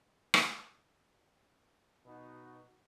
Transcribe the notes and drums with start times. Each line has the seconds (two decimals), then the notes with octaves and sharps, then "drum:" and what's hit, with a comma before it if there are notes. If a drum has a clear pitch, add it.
0.34 drum: rim click
2.06 B2 D#4 F#4